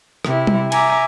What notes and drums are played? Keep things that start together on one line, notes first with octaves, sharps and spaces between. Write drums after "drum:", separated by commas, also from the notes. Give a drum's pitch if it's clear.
C3 E4, drum: rim click
drum: tom G3
E5 G#5 A#5 D6, drum: cymbal